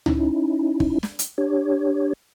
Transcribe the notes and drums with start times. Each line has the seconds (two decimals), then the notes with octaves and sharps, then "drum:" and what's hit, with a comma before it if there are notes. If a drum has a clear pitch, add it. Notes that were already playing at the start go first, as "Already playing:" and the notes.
0.06 C#4 D#4 E4, drum: tom C#2
0.80 drum: kick
1.03 drum: snare
1.19 drum: hi-hat
1.38 D4 G4 C#5